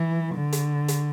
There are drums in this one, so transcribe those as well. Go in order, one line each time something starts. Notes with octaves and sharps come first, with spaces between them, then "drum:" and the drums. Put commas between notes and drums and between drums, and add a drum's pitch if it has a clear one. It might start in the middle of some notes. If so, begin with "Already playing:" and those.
Already playing: E3
D3
drum: hi-hat
drum: hi-hat